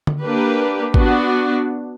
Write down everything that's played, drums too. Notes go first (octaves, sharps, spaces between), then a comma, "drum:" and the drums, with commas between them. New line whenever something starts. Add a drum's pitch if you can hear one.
drum: tom D3
A#3 D4 G4 B4
B3 D4 F#4, drum: kick G#1